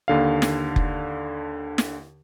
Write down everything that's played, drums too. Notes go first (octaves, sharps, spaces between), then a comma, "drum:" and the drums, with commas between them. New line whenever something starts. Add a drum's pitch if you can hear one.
D#2 D3 F5
drum: snare
drum: kick F1
drum: snare